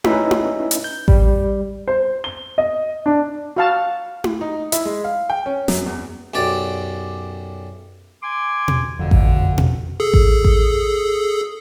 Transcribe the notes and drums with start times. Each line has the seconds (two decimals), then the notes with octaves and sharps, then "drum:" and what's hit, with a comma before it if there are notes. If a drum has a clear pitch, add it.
0.04 C#4 D#4 E4 B4 E5, drum: tom E4
0.31 drum: tom E4
0.71 drum: hi-hat
0.84 G6
1.08 G3, drum: kick A1
1.88 C5
2.24 G7
2.58 D#5
3.06 D4
3.56 F#4 F5 A5
4.24 drum: tom E4
4.41 D#4
4.72 E4, drum: hi-hat
4.85 G#3
5.04 F5
5.30 G5
5.46 C#4
5.68 F#2, drum: snare
5.86 E2
6.34 B1 F#2 G4 D5
8.23 G#5 C6 D6
8.68 drum: tom B2
8.99 F#1 F2 B2 D3
9.11 drum: kick A1
9.58 drum: tom B2
10.00 G#4 A4
10.14 drum: kick A1
10.44 drum: kick A1